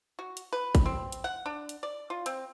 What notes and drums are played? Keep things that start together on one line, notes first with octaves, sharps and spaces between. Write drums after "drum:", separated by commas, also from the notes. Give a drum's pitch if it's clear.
F#4
drum: hi-hat
B4
drum: kick, hi-hat
C4
drum: hi-hat
F#5
D4
drum: hi-hat
D5
F4
C4, drum: hi-hat